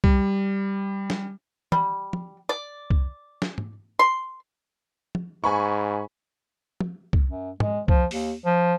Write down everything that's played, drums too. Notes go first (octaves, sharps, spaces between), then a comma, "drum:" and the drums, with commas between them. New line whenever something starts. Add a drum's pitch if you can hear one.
G3, drum: kick C2
drum: snare
G3, drum: tom
drum: tom
D5
drum: kick C2
drum: snare
drum: tom G#2
C6
drum: tom
G#2 G#5 B5 C#6
drum: tom
drum: kick C2
F#2
G#3, drum: tom
F3, drum: kick C2
D#2, drum: open hi-hat
F3